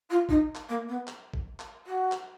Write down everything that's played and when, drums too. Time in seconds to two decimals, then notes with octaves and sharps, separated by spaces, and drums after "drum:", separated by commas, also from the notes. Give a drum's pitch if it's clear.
0.10 F4
0.29 D#4, drum: kick G#1
0.55 drum: clap
0.68 A#3
0.88 B3
1.07 drum: clap
1.34 drum: kick G#1
1.60 drum: clap
1.86 F#4
2.12 drum: clap